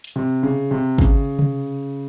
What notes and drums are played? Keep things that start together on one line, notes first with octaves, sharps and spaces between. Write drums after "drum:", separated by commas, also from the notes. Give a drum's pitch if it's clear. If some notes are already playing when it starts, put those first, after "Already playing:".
drum: hi-hat
C3
C#3
C3
C#3, drum: kick
drum: tom C3